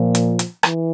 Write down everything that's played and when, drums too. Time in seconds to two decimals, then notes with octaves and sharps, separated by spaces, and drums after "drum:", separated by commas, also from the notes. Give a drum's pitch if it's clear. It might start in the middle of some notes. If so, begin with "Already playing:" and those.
Already playing: A#2 F3
0.15 drum: hi-hat
0.39 drum: hi-hat
0.63 E3, drum: rim click